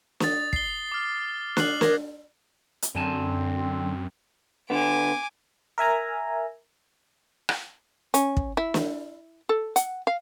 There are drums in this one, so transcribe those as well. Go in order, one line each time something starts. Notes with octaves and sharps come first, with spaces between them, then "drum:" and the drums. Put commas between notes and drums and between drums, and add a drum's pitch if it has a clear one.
D#6 A6, drum: snare
C7 G7, drum: kick
D6 F6
F#6 C7 F#7, drum: snare
A#4 D6 G#6 A#6, drum: snare
drum: hi-hat
F#2 D3 C4 G#5 A5
D3 B3 G#5 D6
A#4 E5 G#5 A#5
drum: rim click
C#4, drum: hi-hat
drum: kick
E4
drum: snare
A4
F#5, drum: hi-hat
F5